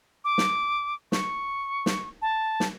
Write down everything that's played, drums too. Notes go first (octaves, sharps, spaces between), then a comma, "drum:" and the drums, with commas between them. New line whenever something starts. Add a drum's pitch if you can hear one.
D6
drum: snare
C#6, drum: snare
drum: snare
A5
drum: snare